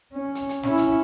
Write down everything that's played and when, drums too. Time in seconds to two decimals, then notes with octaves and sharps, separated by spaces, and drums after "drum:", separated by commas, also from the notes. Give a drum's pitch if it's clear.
0.13 C#4
0.35 drum: hi-hat
0.49 drum: hi-hat
0.63 C#4 E4, drum: snare
0.77 drum: hi-hat